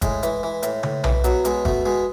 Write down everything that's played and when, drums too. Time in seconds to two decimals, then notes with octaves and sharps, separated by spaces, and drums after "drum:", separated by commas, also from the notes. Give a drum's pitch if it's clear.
0.02 A2 G#3, drum: kick, hi-hat
0.23 E3, drum: hi-hat
0.43 E3
0.63 A2, drum: hi-hat
0.83 A2, drum: tom
1.04 E3, drum: tom B1
1.24 B2 F#3, drum: hi-hat
1.45 B2 G#3, drum: hi-hat
1.65 B2 A3, drum: kick
1.86 B2 G#3